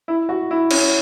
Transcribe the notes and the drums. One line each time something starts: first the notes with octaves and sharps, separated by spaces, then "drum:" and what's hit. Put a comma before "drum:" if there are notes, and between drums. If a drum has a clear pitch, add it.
E4
F#4
E4
C#4, drum: cymbal